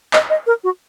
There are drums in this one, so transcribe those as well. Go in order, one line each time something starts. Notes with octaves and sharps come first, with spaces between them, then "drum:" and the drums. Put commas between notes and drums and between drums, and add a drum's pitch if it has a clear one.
D#5, drum: clap
D#5
A#4
F#4